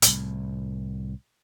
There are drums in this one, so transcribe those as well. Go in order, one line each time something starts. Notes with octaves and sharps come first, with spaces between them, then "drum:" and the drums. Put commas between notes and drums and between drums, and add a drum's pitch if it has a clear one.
C2 A2, drum: hi-hat